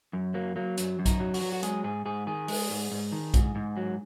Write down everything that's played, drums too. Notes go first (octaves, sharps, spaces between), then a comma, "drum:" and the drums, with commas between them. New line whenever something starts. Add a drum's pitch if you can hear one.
F#2
F#3 A#3
F#3 A#3
F#2, drum: hi-hat
F#2
D#4, drum: kick B1, hi-hat
F#3
F#4, drum: open hi-hat
F#3
F#4
G#3 G#4, drum: hi-hat
G#2 G#4
G#2 G#4
D#3 G#4
G#3, drum: open hi-hat
G#2
G#2
D#3
G#2, drum: kick B1, hi-hat
G#2
F#3